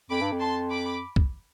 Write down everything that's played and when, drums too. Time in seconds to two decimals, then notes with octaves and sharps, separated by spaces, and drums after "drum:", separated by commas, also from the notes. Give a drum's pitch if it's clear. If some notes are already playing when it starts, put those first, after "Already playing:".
0.10 F2 B5 D6
0.21 G2
0.32 F2
0.40 A5 C6
0.71 B5 D6
1.16 drum: kick